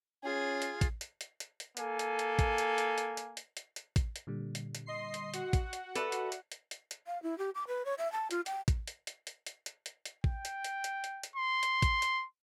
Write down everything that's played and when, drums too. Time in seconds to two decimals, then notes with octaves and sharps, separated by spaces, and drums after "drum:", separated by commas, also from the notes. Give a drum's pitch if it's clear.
0.24 C#4 F4 G#4
0.62 drum: hi-hat
0.81 drum: kick A1, hi-hat
1.01 drum: hi-hat
1.21 drum: hi-hat
1.40 drum: hi-hat
1.60 drum: hi-hat
1.77 A#3 A4 G#5, drum: hi-hat
1.99 drum: hi-hat
2.19 drum: hi-hat
2.39 drum: kick A1, hi-hat
2.58 drum: hi-hat
2.78 drum: hi-hat
2.98 drum: hi-hat
3.17 drum: hi-hat
3.37 drum: hi-hat
3.57 drum: hi-hat
3.76 drum: hi-hat
3.96 drum: kick A1, hi-hat
4.16 drum: hi-hat
4.27 A#2 D3 G3
4.55 drum: hi-hat
4.75 drum: hi-hat
4.86 D#5 C6 C7
5.14 drum: hi-hat
5.34 F#4 F#5, drum: hi-hat
5.53 drum: kick A1, hi-hat
5.73 drum: hi-hat
5.95 A4 B4 D5 E5, drum: hi-hat
6.12 drum: hi-hat
6.32 drum: hi-hat
6.52 drum: hi-hat
6.71 drum: hi-hat
6.91 drum: hi-hat
7.06 F5
7.23 E4
7.38 G4
7.55 D6
7.67 B4
7.85 C#5
7.98 E5
8.12 A5
8.31 F4, drum: hi-hat
8.46 G5, drum: hi-hat
8.68 drum: kick A1, hi-hat
8.87 drum: hi-hat
9.07 drum: hi-hat
9.27 drum: hi-hat
9.46 drum: hi-hat
9.66 drum: hi-hat
9.86 drum: hi-hat
10.05 drum: hi-hat
10.24 G5, drum: kick A1
10.45 drum: hi-hat
10.64 drum: hi-hat
10.84 drum: hi-hat
11.04 drum: hi-hat
11.23 drum: hi-hat
11.36 C6
11.63 drum: hi-hat
11.82 drum: kick A1, hi-hat
12.02 drum: hi-hat